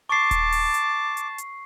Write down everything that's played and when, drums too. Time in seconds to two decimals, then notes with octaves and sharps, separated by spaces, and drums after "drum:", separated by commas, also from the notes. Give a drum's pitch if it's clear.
0.09 A5 C#6 D6 C7
0.31 drum: kick D#1, hi-hat
0.52 drum: open hi-hat
0.74 drum: hi-hat
1.17 drum: hi-hat
1.38 drum: hi-hat